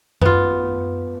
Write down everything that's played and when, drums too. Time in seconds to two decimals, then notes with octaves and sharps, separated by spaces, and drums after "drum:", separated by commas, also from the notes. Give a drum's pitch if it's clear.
0.22 B3 F4, drum: tom F#2